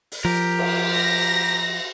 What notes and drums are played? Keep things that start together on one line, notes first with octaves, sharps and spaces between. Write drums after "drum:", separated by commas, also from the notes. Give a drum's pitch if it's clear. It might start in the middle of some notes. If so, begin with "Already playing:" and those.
drum: open hi-hat
F3 G4 A#4
drum: cymbal
A#6